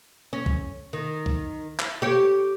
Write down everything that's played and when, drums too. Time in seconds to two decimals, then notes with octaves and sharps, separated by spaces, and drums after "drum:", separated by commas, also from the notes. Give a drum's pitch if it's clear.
0.33 C#4
0.46 drum: kick
0.93 D#3
1.26 drum: kick
1.79 drum: clap
2.02 G4 C#5